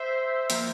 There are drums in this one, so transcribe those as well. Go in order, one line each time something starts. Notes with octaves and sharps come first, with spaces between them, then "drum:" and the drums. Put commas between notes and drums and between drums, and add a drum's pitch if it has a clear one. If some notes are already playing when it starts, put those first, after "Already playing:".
Already playing: C5 E5
F3 A#3, drum: hi-hat